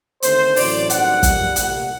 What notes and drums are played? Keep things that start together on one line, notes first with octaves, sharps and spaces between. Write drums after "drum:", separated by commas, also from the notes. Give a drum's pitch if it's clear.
D#2 D3 A3 C4 C5, drum: hi-hat
A1 A2 F#3 D5, drum: open hi-hat
A1 G2 D#3 F#3 C4 F#5, drum: hi-hat
A#1 A#2 G3, drum: kick, hi-hat
C2 A#2 A3 F#5, drum: hi-hat